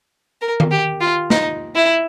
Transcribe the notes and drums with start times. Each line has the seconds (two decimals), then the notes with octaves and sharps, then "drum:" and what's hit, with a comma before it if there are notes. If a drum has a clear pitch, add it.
0.41 A#4
0.60 drum: tom D#3
0.71 G4
1.01 F4
1.30 D#4, drum: snare
1.75 E4